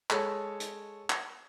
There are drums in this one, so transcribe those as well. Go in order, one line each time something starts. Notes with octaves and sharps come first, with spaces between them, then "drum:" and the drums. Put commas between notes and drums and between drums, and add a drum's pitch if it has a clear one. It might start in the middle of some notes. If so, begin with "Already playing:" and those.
G#3 A4 C#5, drum: clap
drum: hi-hat
drum: clap